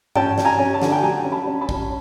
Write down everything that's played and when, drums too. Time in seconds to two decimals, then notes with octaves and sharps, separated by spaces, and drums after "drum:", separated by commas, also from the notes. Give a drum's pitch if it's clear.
0.15 C#4 G5 A5, drum: tom G2
0.38 C#4, drum: snare
0.45 G#5 A#5
0.59 C#4
0.74 A5
0.82 D3 G#5, drum: snare
0.92 G5 A5
1.03 F#3 G#5 A#5
1.24 C#4
1.32 A5 B5
1.47 C#4
1.61 A5 B5
1.69 C#4, drum: kick